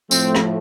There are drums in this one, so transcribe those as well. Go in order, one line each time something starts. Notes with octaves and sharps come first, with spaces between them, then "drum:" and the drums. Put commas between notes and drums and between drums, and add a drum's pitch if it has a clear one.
A2 F3 A3 C4, drum: tambourine
drum: rim click